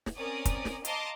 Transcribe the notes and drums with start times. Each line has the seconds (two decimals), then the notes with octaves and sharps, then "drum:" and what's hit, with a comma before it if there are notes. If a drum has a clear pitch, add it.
0.06 drum: snare
0.17 C4 C#4 A#4 D5 D#6
0.45 drum: kick, hi-hat
0.65 drum: snare
0.85 D#5 F5 A5 A#5 C6 D6, drum: hi-hat